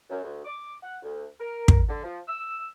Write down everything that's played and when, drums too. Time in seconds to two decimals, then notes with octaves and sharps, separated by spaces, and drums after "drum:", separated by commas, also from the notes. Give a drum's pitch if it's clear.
0.10 F#2
0.23 D2
0.45 D6
0.82 F#5
1.02 D2
1.39 A#4
1.68 drum: kick
1.89 D3
2.03 F3
2.27 E6